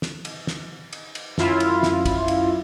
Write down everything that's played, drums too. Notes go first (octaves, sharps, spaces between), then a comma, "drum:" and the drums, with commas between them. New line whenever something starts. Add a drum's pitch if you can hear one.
drum: snare
drum: cymbal
drum: snare
drum: cymbal
drum: cymbal
F#2 E4 F4, drum: snare
drum: cymbal
drum: snare
drum: kick, cymbal
drum: cymbal